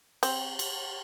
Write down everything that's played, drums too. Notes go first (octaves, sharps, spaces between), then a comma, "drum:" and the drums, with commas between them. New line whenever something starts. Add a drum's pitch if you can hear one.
C4, drum: cymbal
drum: cymbal